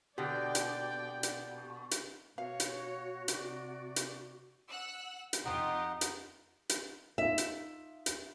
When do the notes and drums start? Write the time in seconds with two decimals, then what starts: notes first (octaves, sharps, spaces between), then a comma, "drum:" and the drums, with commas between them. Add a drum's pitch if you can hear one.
0.18 B2 D3 G4 D5 G5
0.55 drum: hi-hat
1.23 drum: hi-hat
1.91 drum: hi-hat
2.38 B2 F#4 C#5 F5
2.60 drum: hi-hat
3.28 C3 D5, drum: hi-hat
3.96 drum: hi-hat
4.70 F#5 E6 F#6
5.33 drum: hi-hat
5.45 F2 D#4 F4 G4 D#5 F#5
6.01 drum: hi-hat
6.69 drum: hi-hat
7.18 D#4 F4 E5
7.38 drum: hi-hat
8.06 drum: hi-hat